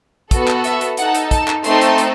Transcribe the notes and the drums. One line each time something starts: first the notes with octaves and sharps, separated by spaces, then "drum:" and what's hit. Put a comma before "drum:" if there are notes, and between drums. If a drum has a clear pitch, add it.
B3 F#4 A4, drum: kick, hi-hat
drum: clap
E5, drum: hi-hat
drum: hi-hat
D#4 A4 F#5, drum: hi-hat
drum: hi-hat
A5, drum: kick, hi-hat
drum: clap
A3 C4 D#4 A4 C6, drum: hi-hat
drum: hi-hat
drum: hi-hat